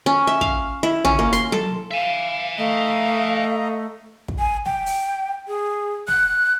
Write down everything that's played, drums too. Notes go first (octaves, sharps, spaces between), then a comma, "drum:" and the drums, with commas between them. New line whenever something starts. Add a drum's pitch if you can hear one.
C#4
E5
F5, drum: kick
E4
C#4, drum: tom
A#3
C6, drum: hi-hat
A4, drum: tom F#3
E5 F5 G#5
A3 D#5 F5 A#5
drum: kick
G#5
G5, drum: snare
drum: open hi-hat
G#4
F#6, drum: snare